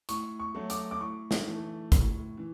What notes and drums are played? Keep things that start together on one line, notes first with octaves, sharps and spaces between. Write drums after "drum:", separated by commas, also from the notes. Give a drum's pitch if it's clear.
A2 C#6, drum: hi-hat
C#6
F#3 A3
D6, drum: hi-hat
D6
A2 C#6
drum: snare
E3 A3
A2, drum: kick, hi-hat
E3